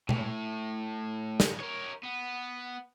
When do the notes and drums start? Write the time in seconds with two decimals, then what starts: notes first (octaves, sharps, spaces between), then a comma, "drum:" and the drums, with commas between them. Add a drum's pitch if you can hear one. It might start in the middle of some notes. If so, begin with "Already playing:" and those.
0.09 A2, drum: tom B2
1.40 drum: snare
1.60 A#4 C#5
2.03 B3